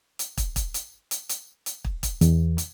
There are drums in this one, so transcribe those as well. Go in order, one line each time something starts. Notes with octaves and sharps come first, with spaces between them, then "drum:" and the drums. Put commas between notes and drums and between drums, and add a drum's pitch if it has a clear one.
drum: hi-hat
drum: kick, hi-hat
drum: kick, hi-hat
drum: hi-hat
drum: hi-hat
drum: hi-hat
drum: hi-hat
drum: kick
drum: kick, hi-hat
E2, drum: hi-hat
drum: hi-hat